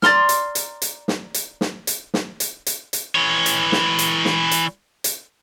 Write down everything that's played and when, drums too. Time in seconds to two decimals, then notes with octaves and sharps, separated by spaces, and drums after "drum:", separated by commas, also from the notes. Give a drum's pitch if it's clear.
0.02 D5 A#5 C6 F6, drum: snare
0.29 drum: hi-hat
0.55 drum: hi-hat
0.82 drum: hi-hat
1.08 drum: snare
1.34 drum: hi-hat
1.61 drum: snare
1.87 drum: hi-hat
2.14 drum: snare
2.40 drum: hi-hat
2.66 drum: hi-hat
2.93 drum: hi-hat
3.15 E3 C#5
3.46 drum: hi-hat
3.72 drum: snare
3.99 drum: hi-hat
4.25 drum: snare
4.51 drum: hi-hat
5.04 drum: hi-hat